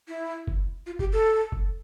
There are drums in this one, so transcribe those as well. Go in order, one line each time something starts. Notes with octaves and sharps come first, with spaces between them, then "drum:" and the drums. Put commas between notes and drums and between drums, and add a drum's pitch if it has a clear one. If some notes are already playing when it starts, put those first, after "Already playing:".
E4
drum: kick
F4
G4, drum: kick
A4
drum: kick